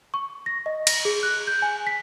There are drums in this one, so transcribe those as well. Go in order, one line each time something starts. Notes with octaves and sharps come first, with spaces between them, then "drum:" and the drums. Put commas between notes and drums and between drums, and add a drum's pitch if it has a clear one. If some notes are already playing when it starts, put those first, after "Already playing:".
C#6
A#6
D#5
A#6, drum: cymbal
G#4
F#6
G6
G#5
B6